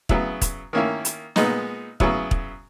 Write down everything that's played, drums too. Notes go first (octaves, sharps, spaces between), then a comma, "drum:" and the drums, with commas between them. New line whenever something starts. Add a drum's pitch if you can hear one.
C#3 F#3 B3 E4, drum: kick
drum: kick, hi-hat
D#3 A#3 C#4 E4
drum: hi-hat
A#2 G#3 B3 D#4, drum: snare
C#3 F#3 B3 E4, drum: kick
drum: kick